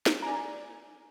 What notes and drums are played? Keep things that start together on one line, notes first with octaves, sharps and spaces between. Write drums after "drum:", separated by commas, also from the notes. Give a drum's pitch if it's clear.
drum: snare
D5 G#5 A#5